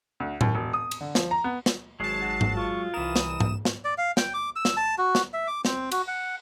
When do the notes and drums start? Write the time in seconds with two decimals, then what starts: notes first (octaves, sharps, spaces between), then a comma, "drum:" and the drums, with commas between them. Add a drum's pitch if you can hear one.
0.20 D2
0.41 D#2, drum: tom A2
0.55 E1
0.73 D#6
0.91 drum: cymbal
1.01 D3
1.15 F3, drum: snare
1.31 A#5
1.44 B3
1.66 drum: snare
2.00 G#1 F#3 G#3 A5 C7
2.22 F#4
2.41 drum: tom G#2
2.57 F4 C#6
2.94 C2 E3 A#4 D#6 E7
3.16 drum: snare
3.40 drum: tom G#2
3.65 drum: snare
3.85 D5
3.98 F5
4.17 G5, drum: snare
4.34 D6
4.56 E6
4.65 drum: snare
4.77 A5
4.98 F#4
5.15 drum: snare
5.33 E5
5.47 D6
5.65 C4, drum: snare
5.92 F#4, drum: cymbal
6.08 F#5